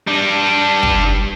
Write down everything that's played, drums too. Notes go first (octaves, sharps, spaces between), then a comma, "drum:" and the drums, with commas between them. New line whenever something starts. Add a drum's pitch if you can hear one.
G3 D4
drum: kick